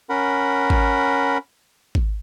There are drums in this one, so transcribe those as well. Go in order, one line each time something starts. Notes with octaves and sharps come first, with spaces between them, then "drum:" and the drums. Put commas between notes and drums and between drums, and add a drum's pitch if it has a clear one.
C#4 A#4 F#5 B5
drum: kick G#1
drum: kick G#1